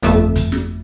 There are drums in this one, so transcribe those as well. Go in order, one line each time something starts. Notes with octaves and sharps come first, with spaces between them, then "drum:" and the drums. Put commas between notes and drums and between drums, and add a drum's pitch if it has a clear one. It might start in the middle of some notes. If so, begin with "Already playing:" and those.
G1 F2 A3 E5, drum: hi-hat
drum: kick, hi-hat
drum: snare